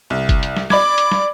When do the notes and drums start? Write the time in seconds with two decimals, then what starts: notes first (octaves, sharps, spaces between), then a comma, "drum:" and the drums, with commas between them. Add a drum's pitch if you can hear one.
0.10 C2
0.29 drum: kick, hi-hat
0.43 drum: hi-hat
0.57 drum: snare
0.70 D5 B5 D6 G#6, drum: snare
0.98 drum: hi-hat
1.12 drum: snare